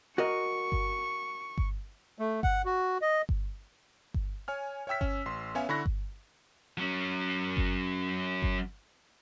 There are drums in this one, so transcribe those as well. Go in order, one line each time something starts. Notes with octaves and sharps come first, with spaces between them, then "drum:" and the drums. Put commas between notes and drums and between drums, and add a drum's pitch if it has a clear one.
F#4 A#4 D#5 C#6
drum: kick G1
drum: kick G1
A3
F#5, drum: kick G1
F#4
D#5
drum: kick G1
drum: kick G1
C#5 G#5 F6
C#5 E5 G5 E6 B6
C#4, drum: kick G1
A1 C6
B3 C#4 C#5 E5 F5 G#5
D3 E4 B5 C#6 F#6 A#6
drum: kick G1
F#3 C#4
drum: kick G1
drum: kick G1